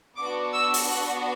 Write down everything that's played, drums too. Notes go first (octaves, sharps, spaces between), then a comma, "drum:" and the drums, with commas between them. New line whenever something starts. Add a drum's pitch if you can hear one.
B3 D4 F#4 D6
E6
drum: open hi-hat
F#6